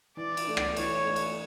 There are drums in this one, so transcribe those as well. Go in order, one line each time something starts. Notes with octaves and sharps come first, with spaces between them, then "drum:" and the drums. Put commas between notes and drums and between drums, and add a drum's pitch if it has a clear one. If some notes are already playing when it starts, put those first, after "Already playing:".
E3 D5
drum: cymbal
A3 D4
drum: rim click
E3 C#5, drum: cymbal
A3 D4
drum: cymbal